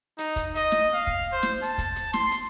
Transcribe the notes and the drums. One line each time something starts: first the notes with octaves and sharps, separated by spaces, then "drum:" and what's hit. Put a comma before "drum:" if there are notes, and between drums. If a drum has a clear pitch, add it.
D#4, drum: hi-hat
drum: kick, hi-hat
D#5, drum: hi-hat
drum: snare
F5
drum: kick
C5
drum: snare
A5, drum: hi-hat
drum: kick, hi-hat
drum: hi-hat
C6, drum: snare
drum: hi-hat